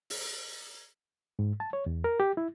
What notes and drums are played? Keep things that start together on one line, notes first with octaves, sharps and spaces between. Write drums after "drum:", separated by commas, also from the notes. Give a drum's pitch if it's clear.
drum: open hi-hat
G#2
A5
C#5
E2
A#4
G4
E4